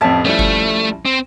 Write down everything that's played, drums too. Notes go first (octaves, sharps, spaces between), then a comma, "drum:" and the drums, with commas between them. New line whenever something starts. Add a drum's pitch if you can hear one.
A1 F2 C#5 E5 A5
F3 G3 A3 C#4 E4
drum: kick G1
C4